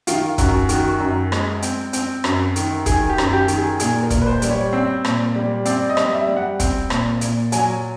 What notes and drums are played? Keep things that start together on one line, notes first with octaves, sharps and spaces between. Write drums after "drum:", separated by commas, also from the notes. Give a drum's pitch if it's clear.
D#3 F4, drum: hi-hat
F#2 F#4, drum: kick, hi-hat
D#3 F#4, drum: hi-hat
F#2
G#3, drum: rim click
C4, drum: hi-hat
C4, drum: hi-hat
F#2, drum: rim click
D#3, drum: hi-hat
D#3 G#4, drum: kick, hi-hat
G4
F#2, drum: rim click
G4
D#3, drum: hi-hat
G#4
A#2 G#4, drum: hi-hat
A#4
A#2, drum: kick, hi-hat
B4
C5
G3, drum: hi-hat
C#5
C4
A#2, drum: rim click
G3
C4 D5, drum: hi-hat
D#5
G3, drum: rim click
E5
G3
F#5
C4, drum: kick, hi-hat
A#2, drum: rim click
A#2, drum: hi-hat
F#3 G#5, drum: hi-hat